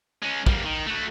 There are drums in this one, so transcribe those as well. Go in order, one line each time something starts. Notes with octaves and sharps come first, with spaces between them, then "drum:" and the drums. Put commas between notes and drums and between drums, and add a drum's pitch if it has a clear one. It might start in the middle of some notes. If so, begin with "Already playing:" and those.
G#3 C#4
G3 A#3, drum: kick
D#3
A3 F#4